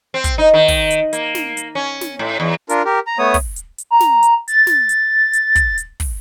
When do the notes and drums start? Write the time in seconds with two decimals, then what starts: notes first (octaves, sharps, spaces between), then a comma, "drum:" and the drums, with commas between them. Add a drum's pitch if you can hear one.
0.14 C4
0.24 drum: kick, hi-hat
0.38 D#4
0.54 D#3
0.68 drum: kick, open hi-hat
0.90 drum: hi-hat
1.13 A#3, drum: hi-hat
1.35 drum: snare
1.57 drum: hi-hat
1.75 C#4
2.01 drum: snare
2.19 A2
2.40 E2
2.69 D4 F4 A#4, drum: hi-hat
2.85 G4 A#4
3.07 A#5
3.19 A3 B3 C#5 D#6
3.34 drum: kick, open hi-hat
3.56 drum: hi-hat
3.78 drum: hi-hat
3.91 A#5
4.00 drum: snare
4.23 drum: hi-hat
4.48 A6, drum: hi-hat
4.67 drum: snare
4.89 drum: hi-hat
5.33 drum: hi-hat
5.55 drum: kick, hi-hat
5.78 drum: hi-hat
6.00 drum: kick, open hi-hat